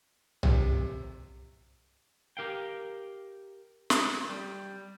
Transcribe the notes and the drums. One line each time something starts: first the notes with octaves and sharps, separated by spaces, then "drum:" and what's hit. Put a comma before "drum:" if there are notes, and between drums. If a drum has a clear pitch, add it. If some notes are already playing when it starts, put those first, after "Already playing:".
C3, drum: tom B1
G4 A#4 F5 G5
drum: snare
G3